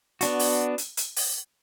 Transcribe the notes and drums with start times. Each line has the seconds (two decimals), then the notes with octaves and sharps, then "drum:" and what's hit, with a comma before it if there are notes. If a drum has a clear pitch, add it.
0.21 B3 D4 F#4, drum: hi-hat
0.39 drum: open hi-hat
0.78 drum: hi-hat
0.97 drum: hi-hat
1.16 drum: open hi-hat